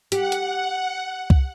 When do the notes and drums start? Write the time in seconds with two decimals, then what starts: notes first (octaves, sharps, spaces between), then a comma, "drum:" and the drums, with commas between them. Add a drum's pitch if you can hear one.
0.12 G4 F#5, drum: hi-hat
0.32 drum: hi-hat
1.30 drum: kick C2